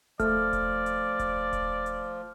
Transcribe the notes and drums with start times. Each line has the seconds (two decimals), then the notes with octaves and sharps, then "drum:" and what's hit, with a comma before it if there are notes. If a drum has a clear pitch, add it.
0.20 F3 A3 D5 F6, drum: kick D#1, hi-hat
0.53 drum: kick D#1, hi-hat
0.86 drum: hi-hat
1.19 drum: kick D#1, hi-hat
1.53 drum: kick D#1, hi-hat
1.86 drum: hi-hat